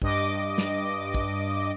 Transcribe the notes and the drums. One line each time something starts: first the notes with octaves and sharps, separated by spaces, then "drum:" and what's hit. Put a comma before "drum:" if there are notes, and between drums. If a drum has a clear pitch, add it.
G2 D#5 D6, drum: kick
drum: snare
drum: kick